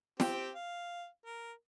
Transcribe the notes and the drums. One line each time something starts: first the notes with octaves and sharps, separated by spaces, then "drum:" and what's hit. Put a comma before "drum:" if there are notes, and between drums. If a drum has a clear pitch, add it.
C4 G4 G5, drum: snare
F5
A#4